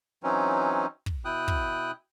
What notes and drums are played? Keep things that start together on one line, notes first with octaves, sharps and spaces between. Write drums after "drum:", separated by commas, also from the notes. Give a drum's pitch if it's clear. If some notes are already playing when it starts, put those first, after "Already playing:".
E3 F#3 C4 C#4 D#4
drum: kick
B2 E4 G5 D#6 F#6
drum: kick